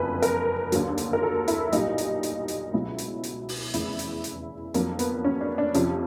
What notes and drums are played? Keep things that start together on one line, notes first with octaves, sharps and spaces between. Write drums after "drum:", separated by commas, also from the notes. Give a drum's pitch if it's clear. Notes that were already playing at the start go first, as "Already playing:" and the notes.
Already playing: F#1 F2 D3 B4
A#4, drum: hi-hat
D#2 D3 F#3, drum: hi-hat
drum: hi-hat
A#4
A4
E4, drum: hi-hat
B1 A#2 G3 D#4, drum: hi-hat
drum: hi-hat
drum: hi-hat
drum: hi-hat
C#2 B2 F#3 E4
drum: hi-hat
drum: hi-hat
drum: open hi-hat
F1 E2 C#3 E4, drum: hi-hat
drum: hi-hat
drum: hi-hat
F2 D3 F#3 A#3, drum: hi-hat
B3, drum: hi-hat
C#4
D4
D4
F2 C3 F3 C#4, drum: hi-hat